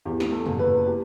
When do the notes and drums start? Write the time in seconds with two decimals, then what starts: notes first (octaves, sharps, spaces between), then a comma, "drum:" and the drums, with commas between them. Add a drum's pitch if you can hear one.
0.05 E2 G4
0.20 drum: snare
0.32 A4
0.46 F#1, drum: tom
0.59 B4
0.86 G4